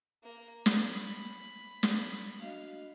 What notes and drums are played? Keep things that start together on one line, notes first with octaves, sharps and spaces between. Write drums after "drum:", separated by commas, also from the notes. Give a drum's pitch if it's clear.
A#3
B5, drum: snare
drum: snare
D4 F#4 D#5 F5